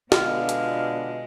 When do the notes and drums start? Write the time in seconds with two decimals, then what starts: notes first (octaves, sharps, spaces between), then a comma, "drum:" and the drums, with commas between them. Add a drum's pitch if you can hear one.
0.12 B2 D3 G#3 B3 F4 F5, drum: snare
0.49 drum: hi-hat